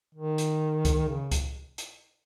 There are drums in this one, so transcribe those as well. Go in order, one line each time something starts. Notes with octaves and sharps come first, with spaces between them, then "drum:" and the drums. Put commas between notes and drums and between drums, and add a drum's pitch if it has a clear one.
D#3
drum: hi-hat
drum: kick C#2, hi-hat
C#3
drum: kick C#2, hi-hat
drum: hi-hat